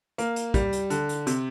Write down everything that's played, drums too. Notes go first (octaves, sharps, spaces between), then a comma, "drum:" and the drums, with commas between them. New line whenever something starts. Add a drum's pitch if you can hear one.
A#3, drum: hi-hat
drum: hi-hat
G3, drum: kick, hi-hat
drum: hi-hat
D3, drum: hi-hat
drum: hi-hat
C3, drum: hi-hat